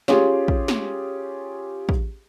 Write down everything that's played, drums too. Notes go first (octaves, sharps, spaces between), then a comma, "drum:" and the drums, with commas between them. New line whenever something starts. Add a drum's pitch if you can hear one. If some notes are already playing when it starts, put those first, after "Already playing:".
C#4 F4 G4 G#4, drum: snare
drum: kick
drum: snare
drum: kick